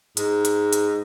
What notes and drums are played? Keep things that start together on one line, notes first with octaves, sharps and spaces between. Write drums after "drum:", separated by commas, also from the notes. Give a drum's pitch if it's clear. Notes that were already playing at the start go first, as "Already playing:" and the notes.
G#2, drum: hi-hat
drum: hi-hat
drum: hi-hat